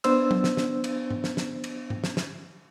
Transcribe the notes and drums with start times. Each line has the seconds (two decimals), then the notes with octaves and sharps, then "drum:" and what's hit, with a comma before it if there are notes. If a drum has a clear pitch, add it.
0.04 B3 D4 C5 E6, drum: cymbal
0.31 drum: tom F#3
0.44 drum: snare
0.57 drum: snare
0.84 drum: cymbal
1.11 drum: tom G#2
1.24 drum: snare
1.37 drum: snare
1.64 drum: cymbal
1.90 drum: tom G#2
2.04 drum: snare
2.17 drum: snare